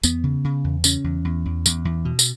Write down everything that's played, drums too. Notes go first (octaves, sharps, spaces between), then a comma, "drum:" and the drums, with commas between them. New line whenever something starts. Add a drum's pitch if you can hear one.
E2 B3, drum: tambourine
C#3
C#3
E2
C#3 C#4, drum: tambourine
E2
E2
E2
E2, drum: tambourine
E2
B2
drum: tambourine